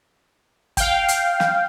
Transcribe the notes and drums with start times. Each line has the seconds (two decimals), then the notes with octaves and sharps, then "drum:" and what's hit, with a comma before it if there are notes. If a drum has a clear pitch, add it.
0.77 F5 G5, drum: kick, hi-hat
1.08 drum: hi-hat
1.40 drum: snare